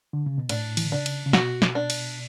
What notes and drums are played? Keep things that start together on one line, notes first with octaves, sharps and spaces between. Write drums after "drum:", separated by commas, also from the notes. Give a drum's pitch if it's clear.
D3
C#3
B2
A2 D4, drum: cymbal
E3, drum: cymbal
D3
C#3 D4
drum: cymbal
C#3
B2 F#4, drum: snare
drum: snare
D4
drum: cymbal